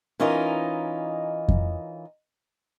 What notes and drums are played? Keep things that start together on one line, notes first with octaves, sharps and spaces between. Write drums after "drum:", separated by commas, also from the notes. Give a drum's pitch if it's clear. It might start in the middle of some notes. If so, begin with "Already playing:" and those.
E3 C#4 D#4 F4 A#4 D#5
drum: kick F2